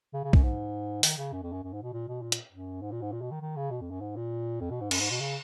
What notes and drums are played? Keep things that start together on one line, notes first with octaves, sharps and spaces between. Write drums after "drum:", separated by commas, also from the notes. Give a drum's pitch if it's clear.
C#3
C#3
F#2, drum: kick
G#2
D#3, drum: open hi-hat
C#3
F#2
F2
F#2
F#2
G#2
B2
A#2
B2
A#2
drum: hi-hat
F#2
G#2
A#2
G#2
A#2
B2
D#3
D#3
C#3
B2
F2
F#2
G#2
A#2
F2
B2
G#2
F#2, drum: cymbal
G#2
B2
C#3